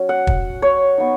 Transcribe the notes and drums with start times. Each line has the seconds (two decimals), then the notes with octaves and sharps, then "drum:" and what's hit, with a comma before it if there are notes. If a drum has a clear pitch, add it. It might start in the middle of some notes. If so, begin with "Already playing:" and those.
Already playing: F#3 C#4
0.09 F#5
0.27 drum: kick
0.62 C#5
0.98 B3 D#4